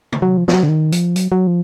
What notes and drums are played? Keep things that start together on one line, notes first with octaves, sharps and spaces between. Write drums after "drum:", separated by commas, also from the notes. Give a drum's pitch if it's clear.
drum: tom C3
F#3
F3
F3, drum: snare
F#3
D3
D#3
F3, drum: hi-hat
F#3, drum: hi-hat
F#3
F3